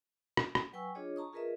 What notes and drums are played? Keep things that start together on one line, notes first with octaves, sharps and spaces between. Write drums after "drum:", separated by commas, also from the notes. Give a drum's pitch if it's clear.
drum: rim click
drum: rim click
F#3 B4 G5 G#5 C#6 E6
D4 F4 G#4 C#5 D#5
A5 A#5 C#6 D#6
F4 G#4 A#4 B4 D#5 E5